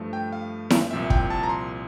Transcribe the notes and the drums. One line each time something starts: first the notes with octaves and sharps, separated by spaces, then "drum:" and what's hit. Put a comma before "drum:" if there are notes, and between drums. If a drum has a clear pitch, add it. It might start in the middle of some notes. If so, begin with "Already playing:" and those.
Already playing: G2 F3 A3
G5
F5
drum: snare E4
C2 A#2 F3 C4 E5
G5, drum: kick
A5
A#5
C6